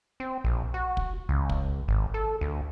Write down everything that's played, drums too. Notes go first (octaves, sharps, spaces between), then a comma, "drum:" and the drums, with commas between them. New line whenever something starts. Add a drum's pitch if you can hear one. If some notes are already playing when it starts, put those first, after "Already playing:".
C4
A#1
F#4
drum: kick
C#2
drum: kick
G#1
A4
D2